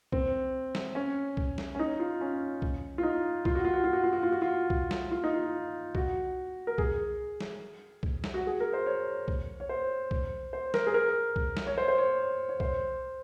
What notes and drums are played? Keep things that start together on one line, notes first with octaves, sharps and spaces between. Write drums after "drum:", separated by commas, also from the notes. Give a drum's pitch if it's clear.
C4, drum: kick B1
drum: snare
C#4
drum: kick B1
drum: snare
C#4
D#4
F4
C#4
drum: kick B1
F4
D#4
F4, drum: kick B1
F#4
F4
F#4
F4
F#4
F4
F#4
F4
F#4
F4
drum: kick B1
drum: snare
F4
D#4
F4
F#4, drum: kick B1
A#4
G#4, drum: kick B1
drum: snare
drum: kick B1
drum: snare
F#4
G#4
A#4
C5
C#5
drum: kick B1
C#5
C5
drum: kick B1
C5
A#4, drum: snare
G#4
A#4
drum: kick B1
drum: snare
C#5
C5
C5
C#5
C#5
C5, drum: kick B1